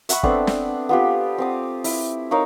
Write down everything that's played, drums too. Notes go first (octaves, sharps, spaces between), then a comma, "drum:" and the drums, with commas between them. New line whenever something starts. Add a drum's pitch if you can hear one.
E5 F#5 B5 C#6, drum: hi-hat
B3 C4 D4 A4, drum: kick
drum: snare
B3 F4 G4
C4 F5 D#6
E4, drum: open hi-hat
D#4 A#4 C#5 F5